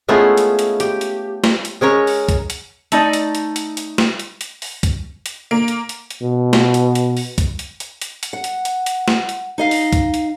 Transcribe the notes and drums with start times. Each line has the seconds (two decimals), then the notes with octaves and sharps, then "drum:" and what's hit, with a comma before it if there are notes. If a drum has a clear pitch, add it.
0.08 G#3 A3 B3 C#4 E4 F4
0.38 drum: hi-hat
0.59 drum: hi-hat
0.80 G4, drum: hi-hat
1.01 drum: hi-hat
1.44 drum: snare
1.65 drum: hi-hat
1.81 G#3 C#4 A#4 C#5
2.07 drum: open hi-hat
2.29 drum: kick, hi-hat
2.50 drum: hi-hat
2.92 A3 D#4 D5, drum: hi-hat
3.13 drum: hi-hat
3.35 drum: hi-hat
3.56 drum: hi-hat
3.77 drum: hi-hat
3.98 drum: snare
4.20 drum: hi-hat
4.41 drum: hi-hat
4.62 drum: open hi-hat
4.83 drum: kick, hi-hat
5.26 drum: hi-hat
5.51 A#3
5.68 drum: hi-hat
5.89 drum: hi-hat
6.11 drum: hi-hat
6.22 B2
6.53 drum: snare
6.74 drum: hi-hat
6.95 drum: hi-hat
7.17 drum: open hi-hat
7.38 drum: kick, hi-hat
7.59 drum: hi-hat
7.80 drum: hi-hat
8.02 drum: hi-hat
8.23 drum: hi-hat
8.33 F#5
8.44 drum: hi-hat
8.65 drum: hi-hat
8.86 drum: hi-hat
9.08 drum: snare
9.29 drum: hi-hat
9.58 D#4 D#5 F5
9.71 drum: open hi-hat
9.93 drum: kick, hi-hat
10.14 drum: hi-hat